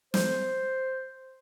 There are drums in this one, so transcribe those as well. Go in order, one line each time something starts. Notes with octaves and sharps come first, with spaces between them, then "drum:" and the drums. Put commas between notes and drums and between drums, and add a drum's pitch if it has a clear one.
C5, drum: snare